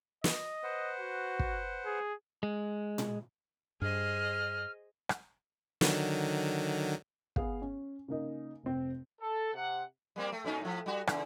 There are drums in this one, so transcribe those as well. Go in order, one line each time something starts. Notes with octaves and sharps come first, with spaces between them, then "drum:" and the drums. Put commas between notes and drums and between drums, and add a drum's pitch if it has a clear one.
D#5, drum: snare
B4 C5 F#5
F#4
drum: kick
G#4
G#3
drum: tom A#2
G2 G#4 C5 D#5 F6
drum: rim click
D3 D#3 F#3, drum: snare
B3 G#4 F5, drum: kick
C#4
C#3 A#3 D#4
F1 C4
A4
C3 F#5
G3 A#3 C4
A3
A#2 C#4 D#4
A2 F3
G3 F#4
E2 C#3, drum: rim click